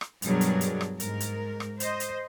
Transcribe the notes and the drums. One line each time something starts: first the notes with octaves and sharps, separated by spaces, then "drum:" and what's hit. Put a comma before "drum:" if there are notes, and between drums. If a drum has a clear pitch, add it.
drum: rim click
G2 B2 F#3 D4 G#4 A#4, drum: hi-hat
drum: hi-hat
drum: hi-hat
drum: rim click
G#2 A#4, drum: hi-hat
drum: hi-hat
drum: rim click
C5 D#5, drum: hi-hat
drum: hi-hat